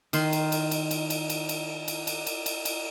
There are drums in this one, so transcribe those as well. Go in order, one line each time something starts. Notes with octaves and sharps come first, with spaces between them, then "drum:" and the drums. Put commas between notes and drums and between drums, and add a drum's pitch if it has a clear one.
D#3 C6, drum: cymbal
drum: cymbal
drum: cymbal
drum: cymbal
drum: cymbal
drum: cymbal
drum: cymbal
drum: cymbal
drum: cymbal
drum: cymbal
drum: cymbal
drum: cymbal
drum: cymbal